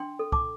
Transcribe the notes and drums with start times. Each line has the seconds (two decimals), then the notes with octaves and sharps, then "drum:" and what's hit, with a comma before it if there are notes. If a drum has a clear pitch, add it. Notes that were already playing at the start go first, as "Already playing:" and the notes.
Already playing: D4 G5 C6
0.19 A4
0.32 A5 D6, drum: kick C2